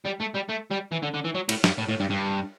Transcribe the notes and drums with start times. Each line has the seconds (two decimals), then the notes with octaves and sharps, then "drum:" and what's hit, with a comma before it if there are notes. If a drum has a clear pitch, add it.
0.06 G3
0.21 A3
0.35 G3
0.49 A3
0.71 G3
0.92 E3
1.03 D3
1.14 D3
1.25 E3
1.35 F#3
1.49 A2, drum: cymbal
1.64 G2, drum: snare
1.78 A2
1.89 A2
2.00 G2
2.10 G2